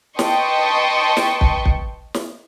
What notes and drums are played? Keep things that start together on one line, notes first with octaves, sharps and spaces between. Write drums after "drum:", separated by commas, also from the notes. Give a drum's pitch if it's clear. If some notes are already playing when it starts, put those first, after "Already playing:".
B4 D#5 G5 A5 C6 C#6, drum: snare
drum: snare
drum: kick
drum: kick
drum: snare